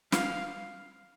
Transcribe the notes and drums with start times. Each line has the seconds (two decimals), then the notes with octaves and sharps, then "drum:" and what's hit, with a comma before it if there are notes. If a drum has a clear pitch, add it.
0.12 F5, drum: snare